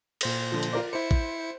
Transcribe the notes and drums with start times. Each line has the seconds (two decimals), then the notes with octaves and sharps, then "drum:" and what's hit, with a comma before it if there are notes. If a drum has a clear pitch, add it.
0.21 A#2 C5 A#6, drum: cymbal
0.52 D3 F3
0.63 drum: hi-hat
0.73 F4 A#4 D5
0.93 E4 C5 C#7
1.11 drum: kick A1